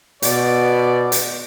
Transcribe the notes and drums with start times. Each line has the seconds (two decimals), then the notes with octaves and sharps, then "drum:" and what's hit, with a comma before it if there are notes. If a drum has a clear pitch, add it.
0.22 B2 D5, drum: hi-hat
1.12 drum: hi-hat